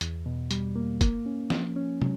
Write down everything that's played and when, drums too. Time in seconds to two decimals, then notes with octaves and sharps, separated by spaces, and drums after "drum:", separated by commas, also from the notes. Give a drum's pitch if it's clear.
0.01 E2, drum: hi-hat
0.26 B2
0.51 G3, drum: hi-hat
0.76 A#3
1.01 A#3, drum: kick, hi-hat
1.26 C#4
1.50 F3, drum: snare
1.76 C#4
2.02 F#3, drum: tom